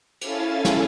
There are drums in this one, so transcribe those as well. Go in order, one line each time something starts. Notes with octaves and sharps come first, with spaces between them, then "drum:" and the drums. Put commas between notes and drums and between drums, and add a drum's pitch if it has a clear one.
C#4 E4 A4 F5 G#5 A6, drum: cymbal
drum: snare